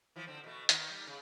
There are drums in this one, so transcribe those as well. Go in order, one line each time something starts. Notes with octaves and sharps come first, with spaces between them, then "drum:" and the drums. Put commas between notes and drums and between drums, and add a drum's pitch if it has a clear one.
E3 F3
D3 C4
B2 A3
D#3 B3, drum: hi-hat
G3
C#3